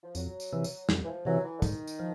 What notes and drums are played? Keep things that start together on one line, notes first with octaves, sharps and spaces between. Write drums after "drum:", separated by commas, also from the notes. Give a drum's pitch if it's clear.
F3
F2 F#3, drum: tambourine
drum: tambourine
C3 E3
drum: tambourine
F2, drum: snare
E3
F3
C3 E3 F#3
E3
D3
G#2 D#3, drum: kick, tambourine
drum: tambourine
F3